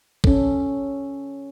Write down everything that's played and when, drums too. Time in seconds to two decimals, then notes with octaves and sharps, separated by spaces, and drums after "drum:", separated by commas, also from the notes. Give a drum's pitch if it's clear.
0.24 C#4 A4, drum: kick